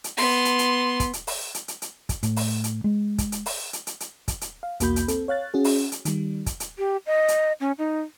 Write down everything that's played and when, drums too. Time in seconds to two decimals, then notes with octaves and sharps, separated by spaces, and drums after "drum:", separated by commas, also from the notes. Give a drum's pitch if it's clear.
0.04 drum: hi-hat
0.17 B3 C6, drum: open hi-hat
0.45 drum: hi-hat
0.59 drum: hi-hat
1.00 drum: kick, hi-hat
1.13 drum: hi-hat
1.27 drum: open hi-hat
1.54 drum: hi-hat
1.68 drum: hi-hat
1.82 drum: hi-hat
2.09 drum: kick, hi-hat
2.23 A2, drum: hi-hat
2.36 drum: open hi-hat
2.64 drum: hi-hat
2.84 G#3
3.18 drum: kick, hi-hat
3.32 drum: hi-hat
3.46 drum: open hi-hat
3.73 drum: hi-hat
3.87 drum: hi-hat
4.00 drum: hi-hat
4.28 drum: kick, hi-hat
4.41 drum: hi-hat
4.63 F5
4.80 B1 E2 A#3 F#4 B5 G6, drum: hi-hat
4.96 drum: hi-hat
5.08 C4 A4, drum: hi-hat
5.28 C#5 F5 F#6 A6
5.54 C#4 F#4 G#4
5.64 drum: open hi-hat
5.92 drum: hi-hat
6.05 D#3 G3, drum: hi-hat
6.46 drum: kick, hi-hat
6.60 drum: hi-hat
6.78 G4
7.06 D#5
7.28 drum: hi-hat
7.61 C#4
7.78 D#4